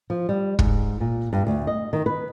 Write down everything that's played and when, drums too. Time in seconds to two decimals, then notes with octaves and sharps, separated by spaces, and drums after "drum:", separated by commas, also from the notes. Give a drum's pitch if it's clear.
0.10 F3
0.29 G3
0.59 G#2, drum: kick
1.00 A#2
1.33 G2
1.47 D2
1.67 D#5
1.93 D#3
2.06 B4